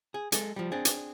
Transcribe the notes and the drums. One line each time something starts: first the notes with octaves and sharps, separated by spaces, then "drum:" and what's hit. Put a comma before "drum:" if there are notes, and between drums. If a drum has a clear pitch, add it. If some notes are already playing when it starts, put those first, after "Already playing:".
G#4
G#3 A4, drum: hi-hat
F3 G3
C4 D4 G#4
drum: hi-hat